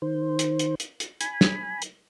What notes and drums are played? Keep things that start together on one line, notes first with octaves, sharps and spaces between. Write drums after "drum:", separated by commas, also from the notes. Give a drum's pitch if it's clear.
D#3 C5
drum: hi-hat
drum: hi-hat
drum: hi-hat
drum: hi-hat
G#5 B5, drum: hi-hat
drum: snare
drum: hi-hat